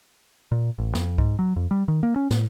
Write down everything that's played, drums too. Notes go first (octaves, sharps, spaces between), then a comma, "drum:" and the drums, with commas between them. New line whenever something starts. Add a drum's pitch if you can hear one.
A#2
A1
F2, drum: snare
G#2, drum: kick C2
F#3
F2
G3
D#3
A#3
C#4
A2, drum: snare